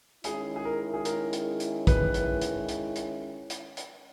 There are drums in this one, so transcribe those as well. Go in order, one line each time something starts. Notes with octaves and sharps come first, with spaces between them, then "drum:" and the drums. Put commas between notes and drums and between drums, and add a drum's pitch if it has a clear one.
D#3 G#3 C#4 E4 G#4, drum: hi-hat
G#4
A#4
G#4
A#4, drum: hi-hat
drum: hi-hat
drum: hi-hat
B4, drum: kick, hi-hat
drum: hi-hat
drum: hi-hat
drum: hi-hat
drum: hi-hat
drum: hi-hat
drum: hi-hat